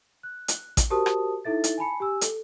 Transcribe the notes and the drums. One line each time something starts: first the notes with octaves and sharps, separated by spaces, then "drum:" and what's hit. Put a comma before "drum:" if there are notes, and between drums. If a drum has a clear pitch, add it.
F#6
drum: hi-hat
drum: kick A1, hi-hat
F#4 G4 A#4 C5 A5 D#6
drum: rim click
D#4 E4 A4 E5 A6
drum: hi-hat
G#5 A5 B5 C#7
G4 G#5 E6
A4, drum: hi-hat